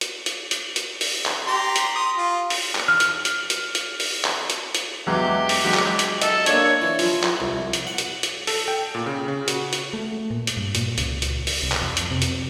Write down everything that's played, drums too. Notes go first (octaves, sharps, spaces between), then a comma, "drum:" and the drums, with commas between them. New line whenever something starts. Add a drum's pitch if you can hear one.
drum: hi-hat
drum: hi-hat
drum: hi-hat
drum: hi-hat
drum: open hi-hat
drum: clap
G4 A#5 C6
drum: hi-hat
D#6
F4
drum: open hi-hat
drum: clap
F6
drum: hi-hat
drum: hi-hat
drum: hi-hat
drum: hi-hat
drum: open hi-hat
drum: clap
drum: hi-hat
drum: hi-hat
E2 F#3 G#3 G4
drum: open hi-hat
F#3 G#3
drum: clap
drum: hi-hat
A4 D#5, drum: hi-hat
A#3 D4 C#5, drum: hi-hat
E3
F3, drum: open hi-hat
drum: clap
C2
drum: hi-hat
F#5
drum: hi-hat
drum: hi-hat
A4, drum: open hi-hat
G5
A#2
C#3
C#3
F#4, drum: hi-hat
drum: hi-hat
A3
A#2
drum: hi-hat
G2
A#2, drum: hi-hat
C#2, drum: hi-hat
drum: hi-hat
drum: open hi-hat
C2
drum: clap
F2
drum: hi-hat
C3
drum: hi-hat